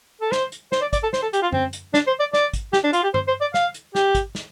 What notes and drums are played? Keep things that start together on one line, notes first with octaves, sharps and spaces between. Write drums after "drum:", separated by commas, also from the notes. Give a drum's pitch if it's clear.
A4
C5, drum: snare
drum: hi-hat
C5, drum: snare
D5
D5, drum: kick, hi-hat
A4
C5, drum: snare
A4
G4, drum: hi-hat
F4
C4, drum: tom F#2
drum: hi-hat
D4, drum: snare
C5
D5
D5, drum: snare
drum: kick, hi-hat
G4, drum: snare
D4
F4, drum: hi-hat
G4
C5, drum: tom G2
C5
D5
F5, drum: snare
drum: hi-hat
G4, drum: snare
drum: kick, hi-hat
drum: snare